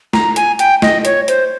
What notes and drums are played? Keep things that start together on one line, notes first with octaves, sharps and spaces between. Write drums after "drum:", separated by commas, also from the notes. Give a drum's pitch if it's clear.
A#5, drum: snare
G#5, drum: hi-hat
G5, drum: hi-hat
D#5, drum: snare
C#5, drum: hi-hat
C5, drum: hi-hat